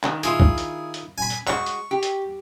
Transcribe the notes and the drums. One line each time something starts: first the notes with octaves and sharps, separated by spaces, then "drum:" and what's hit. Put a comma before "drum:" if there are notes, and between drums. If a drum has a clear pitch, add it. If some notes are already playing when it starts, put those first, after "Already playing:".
D#3, drum: clap
D#3 E4 F4 G#4, drum: hi-hat
drum: kick B1
drum: hi-hat
drum: hi-hat
G#5 B5
drum: hi-hat
G#3 F#4 C#6, drum: clap
drum: hi-hat
G4
drum: hi-hat